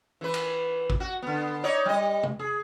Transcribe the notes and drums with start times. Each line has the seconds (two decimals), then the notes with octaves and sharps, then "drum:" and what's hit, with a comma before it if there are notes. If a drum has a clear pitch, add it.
0.21 E3 B4
0.34 drum: cymbal
0.90 drum: kick
1.00 F#4
1.22 D3 B3
1.64 D#4 C#5 D5
1.86 G3 D#5
2.23 drum: tom C3
2.39 G#4